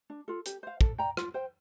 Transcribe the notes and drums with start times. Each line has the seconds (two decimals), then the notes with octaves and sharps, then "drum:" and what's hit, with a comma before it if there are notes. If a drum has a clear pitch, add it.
0.10 D4
0.28 F4 A4
0.46 G4, drum: hi-hat
0.63 C5 F5
0.81 A4, drum: kick
0.98 D5 G5 A#5
1.17 F4, drum: rim click
1.34 C5 G5